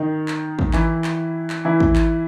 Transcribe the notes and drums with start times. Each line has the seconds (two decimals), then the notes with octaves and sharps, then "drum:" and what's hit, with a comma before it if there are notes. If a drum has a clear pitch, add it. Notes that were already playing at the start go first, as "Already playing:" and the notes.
Already playing: D#3 D#4
0.28 drum: clap
0.59 drum: kick
0.73 E3 E4, drum: clap
1.04 drum: clap
1.50 drum: clap
1.65 E3 E4
1.80 drum: kick
1.96 drum: clap